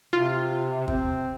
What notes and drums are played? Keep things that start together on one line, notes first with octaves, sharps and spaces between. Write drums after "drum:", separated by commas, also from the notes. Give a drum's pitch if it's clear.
C3 F4
C4, drum: kick